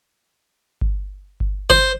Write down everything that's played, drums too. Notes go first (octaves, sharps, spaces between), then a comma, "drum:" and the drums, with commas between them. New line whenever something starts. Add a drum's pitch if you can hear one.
drum: kick G1
drum: kick G1
C5, drum: kick G1